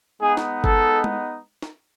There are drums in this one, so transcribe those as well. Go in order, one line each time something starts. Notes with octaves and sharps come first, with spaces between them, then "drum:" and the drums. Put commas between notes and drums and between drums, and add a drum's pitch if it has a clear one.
G#3 B3 D#4 G#4
drum: snare
A4, drum: kick G1
drum: tom G#3
drum: snare